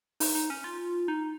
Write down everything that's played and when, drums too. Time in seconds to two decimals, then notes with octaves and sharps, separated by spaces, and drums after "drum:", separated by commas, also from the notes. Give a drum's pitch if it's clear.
0.20 D#4, drum: open hi-hat
0.35 D#4
0.50 C#4
0.64 F4
1.08 D#4